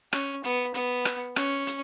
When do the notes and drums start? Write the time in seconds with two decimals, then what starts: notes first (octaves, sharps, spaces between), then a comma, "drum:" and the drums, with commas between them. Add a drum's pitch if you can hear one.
0.13 C#4, drum: rim click
0.44 B3, drum: hi-hat
0.74 B3, drum: hi-hat
1.05 drum: rim click
1.36 C#4, drum: rim click
1.67 drum: hi-hat